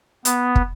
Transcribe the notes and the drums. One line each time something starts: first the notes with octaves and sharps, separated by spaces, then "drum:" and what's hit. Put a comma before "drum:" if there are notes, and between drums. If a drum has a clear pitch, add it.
B3, drum: hi-hat
drum: kick